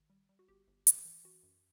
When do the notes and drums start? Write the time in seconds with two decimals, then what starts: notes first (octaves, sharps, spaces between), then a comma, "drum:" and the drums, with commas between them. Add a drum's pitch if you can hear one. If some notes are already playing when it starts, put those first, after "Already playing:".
Already playing: G#1
0.10 G3
0.29 G3
0.39 F#4
0.49 G1 G4
0.68 G1
0.87 E3, drum: hi-hat
1.05 E3
1.24 E3 F#4
1.43 F#2